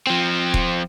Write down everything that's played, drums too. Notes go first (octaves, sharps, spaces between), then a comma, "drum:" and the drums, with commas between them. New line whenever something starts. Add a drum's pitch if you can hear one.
F3 C4
drum: kick D#1